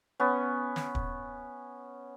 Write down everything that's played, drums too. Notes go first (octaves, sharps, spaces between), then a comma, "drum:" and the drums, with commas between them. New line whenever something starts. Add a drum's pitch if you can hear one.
B3 C#4
drum: snare
drum: kick